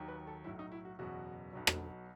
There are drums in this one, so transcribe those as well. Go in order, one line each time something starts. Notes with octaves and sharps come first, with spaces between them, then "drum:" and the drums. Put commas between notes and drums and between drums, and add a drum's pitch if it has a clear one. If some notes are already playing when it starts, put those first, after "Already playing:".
Already playing: D#2 D#3 F#3
B4
A4
B1 A2 F#3 E4
D#4
E4
F#4
F#1 E2 B2 F#3 F#4
B1 B2 F#3
drum: rim click